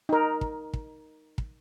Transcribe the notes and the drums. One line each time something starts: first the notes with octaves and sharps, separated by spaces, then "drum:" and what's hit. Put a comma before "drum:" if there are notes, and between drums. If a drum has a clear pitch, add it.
D#4 A#4
drum: kick
drum: kick
drum: kick